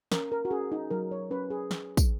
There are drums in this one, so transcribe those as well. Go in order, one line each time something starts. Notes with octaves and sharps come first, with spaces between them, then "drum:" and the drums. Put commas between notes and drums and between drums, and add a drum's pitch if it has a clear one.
C#4 A#4, drum: snare
A#4
F#4
C#4 G#4
D#4
F#3 A#4
C#5
C#4 B4
G#4
drum: snare
drum: kick, tambourine